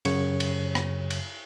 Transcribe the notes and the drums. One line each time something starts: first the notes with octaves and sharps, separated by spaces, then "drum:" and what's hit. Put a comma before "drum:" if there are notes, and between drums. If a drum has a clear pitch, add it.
F#2 C#3 C#5 C#7, drum: cymbal
drum: cymbal
drum: rim click
drum: cymbal